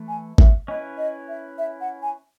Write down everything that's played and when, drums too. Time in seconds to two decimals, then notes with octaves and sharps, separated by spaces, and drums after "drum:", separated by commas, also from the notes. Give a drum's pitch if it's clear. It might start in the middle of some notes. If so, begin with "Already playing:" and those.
Already playing: E3 A3 E4
0.08 G#5
0.38 E5, drum: kick G#1
0.68 C#4 E4 B4 D#5
0.98 D#5
1.28 E5
1.58 E5
1.81 F#5
2.03 G#5